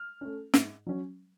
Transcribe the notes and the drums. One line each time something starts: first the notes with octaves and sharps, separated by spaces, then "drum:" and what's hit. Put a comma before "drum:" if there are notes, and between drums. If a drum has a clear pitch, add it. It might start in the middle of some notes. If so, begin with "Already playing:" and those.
Already playing: F6
A3 C#4
G#2, drum: snare
F#3 C#4